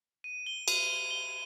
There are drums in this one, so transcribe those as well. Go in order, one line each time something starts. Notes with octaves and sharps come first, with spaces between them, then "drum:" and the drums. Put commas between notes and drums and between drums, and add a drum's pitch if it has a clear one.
D#7
G7
D#7, drum: cymbal
G7
G7